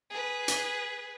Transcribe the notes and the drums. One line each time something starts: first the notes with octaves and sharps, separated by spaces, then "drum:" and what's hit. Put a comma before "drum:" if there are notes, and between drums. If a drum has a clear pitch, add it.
G#4 B4
drum: hi-hat